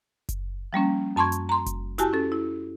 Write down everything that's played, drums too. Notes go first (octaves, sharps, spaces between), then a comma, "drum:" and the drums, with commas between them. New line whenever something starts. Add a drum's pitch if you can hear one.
drum: kick F#1, hi-hat
F3 G3 A#3 C#4
F#2 A5 C6 C#6 G#6
drum: hi-hat
A#5 C6
drum: kick F#1, hi-hat
E4 F#4 G4 G#5 A5, drum: hi-hat
C#4 A4
E4